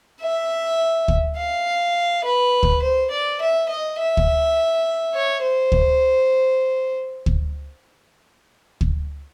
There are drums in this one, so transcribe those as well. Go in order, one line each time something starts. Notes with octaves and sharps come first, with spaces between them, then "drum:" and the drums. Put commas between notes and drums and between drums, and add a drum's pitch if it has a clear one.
E5
drum: kick
F5
B4
drum: kick
C5
D5
E5
D#5
E5
drum: kick
C#5
C5
drum: kick
drum: kick
drum: kick